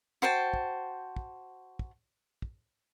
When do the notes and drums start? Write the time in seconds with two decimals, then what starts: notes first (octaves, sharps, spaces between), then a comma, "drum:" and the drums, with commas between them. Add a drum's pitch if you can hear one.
0.22 F#4 C5 G5 A5
0.54 drum: kick
1.16 drum: kick
1.79 drum: kick
2.42 drum: kick